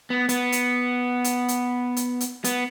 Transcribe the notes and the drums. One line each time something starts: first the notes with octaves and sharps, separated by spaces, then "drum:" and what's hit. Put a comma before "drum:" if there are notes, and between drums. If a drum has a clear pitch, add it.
B3
B3, drum: hi-hat
drum: hi-hat
drum: hi-hat
drum: hi-hat
drum: hi-hat
drum: hi-hat
B3, drum: hi-hat